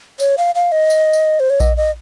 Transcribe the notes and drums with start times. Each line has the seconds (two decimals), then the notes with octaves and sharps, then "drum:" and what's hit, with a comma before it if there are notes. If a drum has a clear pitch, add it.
0.20 C#5, drum: tambourine
0.38 F5
0.55 F5
0.72 D#5
0.90 drum: tambourine
1.13 drum: tambourine
1.40 C5
1.50 C#5
1.60 D#5, drum: kick A#1, tambourine
1.77 D#5